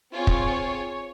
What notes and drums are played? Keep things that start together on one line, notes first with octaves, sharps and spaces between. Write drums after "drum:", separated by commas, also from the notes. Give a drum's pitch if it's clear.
C4 F4 G#4 C#5
drum: kick